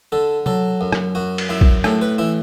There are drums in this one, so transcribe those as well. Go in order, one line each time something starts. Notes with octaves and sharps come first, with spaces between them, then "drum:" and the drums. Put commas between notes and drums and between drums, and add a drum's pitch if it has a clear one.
D3 A4
F#3 A4, drum: tom
F#2
drum: rim click
F#2 F#4
drum: cymbal
F#2 E4
drum: kick
A2 A4, drum: rim click
B4
E3 E4